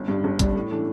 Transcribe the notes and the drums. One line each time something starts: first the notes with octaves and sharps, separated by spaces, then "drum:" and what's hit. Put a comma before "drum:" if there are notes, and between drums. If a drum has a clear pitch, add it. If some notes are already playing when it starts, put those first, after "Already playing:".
Already playing: G1
G2 G3 D4
G1
G2 G3 D4, drum: kick, hi-hat
A2
E3 A3 D4